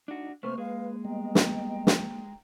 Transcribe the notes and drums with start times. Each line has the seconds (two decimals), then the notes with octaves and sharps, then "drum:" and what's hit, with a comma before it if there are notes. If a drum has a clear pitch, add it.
0.08 D4 D#4 F#4
0.43 C3 A3 A#3 B4 C5 C#6 F6
0.58 G#3 B4 F5
1.05 G3 B3 D#5 G5 A#5
1.35 drum: snare
1.87 drum: snare